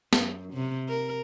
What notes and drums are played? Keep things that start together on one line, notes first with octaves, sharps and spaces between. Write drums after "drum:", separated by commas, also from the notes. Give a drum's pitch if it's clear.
F#2, drum: snare B3
C3
A#4